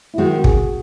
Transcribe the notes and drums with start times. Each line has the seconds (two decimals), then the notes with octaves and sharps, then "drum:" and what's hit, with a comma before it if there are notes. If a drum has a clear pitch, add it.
0.14 E4
0.18 D#3 G#3 C4 F#4
0.44 G#4, drum: kick